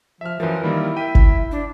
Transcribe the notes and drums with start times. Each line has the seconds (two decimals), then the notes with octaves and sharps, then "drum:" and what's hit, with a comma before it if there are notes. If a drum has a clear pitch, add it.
0.21 F3 E5 F6
0.40 F#2 E3 F3 A#4
0.63 D#3 G3 A#3 E4
0.96 E5 G5 D#7
1.15 drum: kick G1
1.51 D4